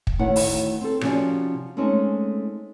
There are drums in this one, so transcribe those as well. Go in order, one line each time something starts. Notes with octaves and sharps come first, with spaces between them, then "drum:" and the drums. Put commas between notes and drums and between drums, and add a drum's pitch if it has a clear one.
drum: kick
D2 A2 D#3 E4 C#5 F#5
drum: open hi-hat
C4 A4
C3 F3 C#4 D#4 F#4 D5, drum: rim click
G#3 A3 C4 C#4 D#4